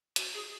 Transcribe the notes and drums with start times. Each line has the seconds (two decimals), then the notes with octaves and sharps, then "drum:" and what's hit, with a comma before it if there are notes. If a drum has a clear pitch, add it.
0.16 F#4, drum: hi-hat
0.34 G#4